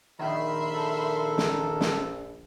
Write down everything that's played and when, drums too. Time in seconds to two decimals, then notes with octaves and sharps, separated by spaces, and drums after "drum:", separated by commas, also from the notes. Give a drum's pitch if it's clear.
0.19 A#1 D#3 E5 B5 C6
0.73 A4
1.38 drum: snare
1.81 drum: snare